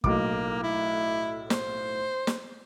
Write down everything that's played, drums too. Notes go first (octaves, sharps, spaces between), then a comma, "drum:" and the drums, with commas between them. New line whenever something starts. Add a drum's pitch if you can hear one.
B1 A2 A#3 D6, drum: kick
E4
C5, drum: snare
drum: snare